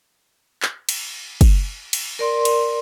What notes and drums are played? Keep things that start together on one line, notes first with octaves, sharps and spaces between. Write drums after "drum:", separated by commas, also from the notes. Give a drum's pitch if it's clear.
drum: clap
drum: cymbal
drum: kick, cymbal
drum: cymbal
A#4 D5 C6
drum: cymbal